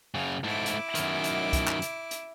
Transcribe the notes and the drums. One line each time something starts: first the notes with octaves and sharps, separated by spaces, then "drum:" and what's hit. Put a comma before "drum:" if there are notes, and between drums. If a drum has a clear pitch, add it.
F#2 C#3 F5
G#2 A3 E4 D6
drum: hi-hat
F#2 D#3, drum: hi-hat
drum: hi-hat
drum: kick, hi-hat
drum: clap
drum: hi-hat
drum: hi-hat